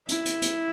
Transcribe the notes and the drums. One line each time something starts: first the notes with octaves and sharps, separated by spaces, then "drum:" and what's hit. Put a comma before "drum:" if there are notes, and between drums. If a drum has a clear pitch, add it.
E4, drum: hi-hat
drum: hi-hat
drum: hi-hat